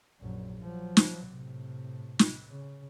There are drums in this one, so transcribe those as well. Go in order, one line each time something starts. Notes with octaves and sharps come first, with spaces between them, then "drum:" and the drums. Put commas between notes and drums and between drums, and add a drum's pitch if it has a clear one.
A#1 F#2
F3 F#3
drum: snare
A2 C3
drum: snare
C#3